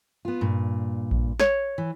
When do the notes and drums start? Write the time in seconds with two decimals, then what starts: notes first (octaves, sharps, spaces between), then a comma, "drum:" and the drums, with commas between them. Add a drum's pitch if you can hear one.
0.25 B3 F4
0.41 G2 A#2
1.11 drum: kick A#1
1.40 C#5, drum: snare
1.78 E3